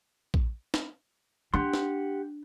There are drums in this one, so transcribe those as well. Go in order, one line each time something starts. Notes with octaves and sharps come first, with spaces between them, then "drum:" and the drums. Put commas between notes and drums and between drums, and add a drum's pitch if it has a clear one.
drum: kick A#1
drum: snare
D4 G4 F#5 C6
drum: snare